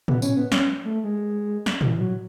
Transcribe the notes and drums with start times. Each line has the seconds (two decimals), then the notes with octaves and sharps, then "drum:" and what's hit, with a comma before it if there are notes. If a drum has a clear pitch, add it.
0.08 B3, drum: tom
0.22 C#4, drum: tambourine
0.36 B3
0.52 C#4, drum: snare
0.85 A3
1.04 G#3
1.66 drum: snare
1.81 E3, drum: tom
1.99 F#3